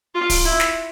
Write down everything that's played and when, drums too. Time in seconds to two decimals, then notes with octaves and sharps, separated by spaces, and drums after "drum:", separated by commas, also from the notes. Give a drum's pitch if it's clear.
0.14 F4
0.30 drum: kick D1, open hi-hat
0.45 E4
0.60 drum: snare